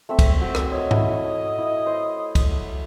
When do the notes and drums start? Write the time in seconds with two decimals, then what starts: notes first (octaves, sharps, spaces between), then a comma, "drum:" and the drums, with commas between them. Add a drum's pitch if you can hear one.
0.09 A3 C4 E5
0.19 drum: kick, cymbal
0.41 C4 F#4
0.55 drum: rim click
0.72 C#5 D#5
0.91 E4 E5, drum: tom G#2
1.58 E4
1.86 C5
2.35 drum: kick, cymbal